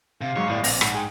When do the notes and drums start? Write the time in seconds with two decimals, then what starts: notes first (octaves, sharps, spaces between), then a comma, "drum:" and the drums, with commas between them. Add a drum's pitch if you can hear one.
0.21 C3 F5
0.36 G#2 F#3 G#3 C#5
0.48 G1 A2 G3 G#3 D5
0.64 A#1 C4 D5 A#6, drum: open hi-hat
0.81 G#2 F#5, drum: rim click
0.95 G#4 G5